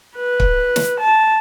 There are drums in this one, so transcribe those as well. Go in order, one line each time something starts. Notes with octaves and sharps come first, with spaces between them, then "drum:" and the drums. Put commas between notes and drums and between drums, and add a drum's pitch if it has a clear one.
B4
drum: kick
drum: snare
A5